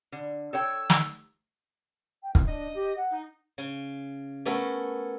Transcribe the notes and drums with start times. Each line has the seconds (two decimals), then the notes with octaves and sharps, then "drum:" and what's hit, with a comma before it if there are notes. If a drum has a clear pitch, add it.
0.12 D3
0.53 A4 C#5 G5 E6
0.90 drum: snare
2.23 G5
2.35 C4, drum: kick
2.47 D4 D#5
2.74 G4
2.97 F#5
3.11 D#4
3.58 C#3
4.46 A3 B3 C#4 A4 A#4